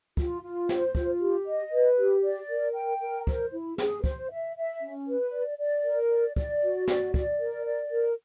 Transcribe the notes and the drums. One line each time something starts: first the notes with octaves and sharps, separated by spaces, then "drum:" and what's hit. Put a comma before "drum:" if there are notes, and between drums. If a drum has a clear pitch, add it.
F4, drum: kick
F4
C5, drum: snare
F4, drum: kick
G4
D#5
B4
G4
D5
A#4
G5
A#4
C5, drum: kick
E4
G#4, drum: snare
C5, drum: kick
E5
E5
C#4
B4
D5
D5
A#4
D5
D5, drum: kick
F#4
D5, drum: snare
D5, drum: kick
A#4
D5
A#4